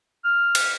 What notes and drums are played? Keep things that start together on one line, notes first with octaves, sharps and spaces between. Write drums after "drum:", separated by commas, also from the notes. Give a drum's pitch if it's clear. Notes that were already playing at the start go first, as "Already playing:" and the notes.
F6
drum: cymbal